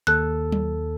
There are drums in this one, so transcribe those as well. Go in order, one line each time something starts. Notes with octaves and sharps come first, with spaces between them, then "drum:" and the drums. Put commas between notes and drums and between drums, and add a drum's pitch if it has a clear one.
D#2 A4 F#6
drum: tom F#3